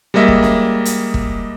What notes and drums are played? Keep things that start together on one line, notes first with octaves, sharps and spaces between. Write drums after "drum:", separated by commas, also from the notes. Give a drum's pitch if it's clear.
G3 G#3 A#3 D#5 E5
drum: kick
drum: snare C#4
drum: hi-hat
drum: kick